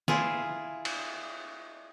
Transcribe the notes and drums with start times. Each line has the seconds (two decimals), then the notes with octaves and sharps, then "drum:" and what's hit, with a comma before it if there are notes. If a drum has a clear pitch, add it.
0.08 E4 F4 G#4, drum: snare
0.85 drum: cymbal